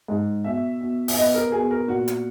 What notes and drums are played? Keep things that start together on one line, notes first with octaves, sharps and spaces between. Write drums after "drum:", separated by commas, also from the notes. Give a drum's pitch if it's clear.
G#2
B2 E5
B2
E5, drum: open hi-hat
B3 D#5
A#4
B2 G#4
A#4
A#2 F#4
drum: hi-hat